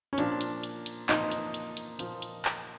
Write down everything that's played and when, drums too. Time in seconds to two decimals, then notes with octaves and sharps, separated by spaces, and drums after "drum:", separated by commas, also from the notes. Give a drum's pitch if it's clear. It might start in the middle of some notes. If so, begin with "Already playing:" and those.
0.13 C#4
0.18 A#2 F3 D4, drum: hi-hat
0.41 drum: hi-hat
0.63 drum: hi-hat
0.86 drum: hi-hat
1.09 A#2 F3 D#4, drum: clap
1.31 drum: hi-hat
1.54 drum: hi-hat
1.77 drum: hi-hat
1.99 A#2 F3, drum: hi-hat
2.22 drum: hi-hat
2.45 drum: clap